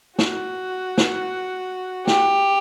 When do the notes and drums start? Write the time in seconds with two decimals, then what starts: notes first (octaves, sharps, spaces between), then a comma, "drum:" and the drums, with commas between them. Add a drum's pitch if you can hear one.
0.19 F#4, drum: snare
0.98 drum: snare
2.07 G4, drum: snare